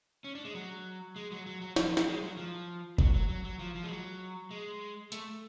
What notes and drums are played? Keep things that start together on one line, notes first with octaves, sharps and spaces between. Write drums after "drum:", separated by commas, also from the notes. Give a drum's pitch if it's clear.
C#4
D4
G#3
F#3
G#3
F#3
F#3
F#3
F3, drum: snare
F3
F#3, drum: snare
G#3
F#3
F3
F#3, drum: kick F#1
F#3
F#3
F#3
F3
F3
G#3
F#3
G#3
A3, drum: hi-hat